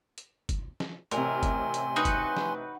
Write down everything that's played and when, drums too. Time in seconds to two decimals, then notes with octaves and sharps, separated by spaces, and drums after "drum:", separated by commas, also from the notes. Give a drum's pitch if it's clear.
0.18 drum: hi-hat
0.49 drum: kick G1, hi-hat
0.80 drum: snare
1.11 A1 C3 A#4 G#5 C6, drum: hi-hat
1.43 drum: kick G1, hi-hat
1.74 drum: hi-hat
1.96 D#4 F#4 B4
2.05 drum: kick G1, hi-hat
2.36 drum: snare